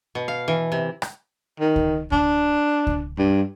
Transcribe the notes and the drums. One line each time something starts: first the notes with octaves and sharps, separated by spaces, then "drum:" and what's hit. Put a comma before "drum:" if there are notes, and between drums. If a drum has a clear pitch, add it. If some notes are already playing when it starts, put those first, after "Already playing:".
B2
F5
E3
C3
drum: rim click
D#3
drum: kick C#2
D4, drum: kick C#2
drum: kick C#2
G2